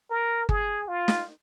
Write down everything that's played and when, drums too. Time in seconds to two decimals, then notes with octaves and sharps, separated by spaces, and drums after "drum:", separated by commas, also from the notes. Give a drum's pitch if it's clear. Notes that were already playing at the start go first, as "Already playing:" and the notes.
0.11 A#4
0.49 G#4, drum: kick G1
0.88 F4
1.08 drum: snare